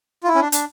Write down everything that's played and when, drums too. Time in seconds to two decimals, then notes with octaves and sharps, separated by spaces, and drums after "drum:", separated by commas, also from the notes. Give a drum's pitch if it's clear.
0.23 F4
0.28 E4
0.35 C#4
0.41 D4
0.52 D4, drum: hi-hat